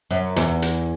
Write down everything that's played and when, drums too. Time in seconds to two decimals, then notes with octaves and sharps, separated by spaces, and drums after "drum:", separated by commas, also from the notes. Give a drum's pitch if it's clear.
0.11 F#2
0.36 E2, drum: hi-hat
0.62 drum: hi-hat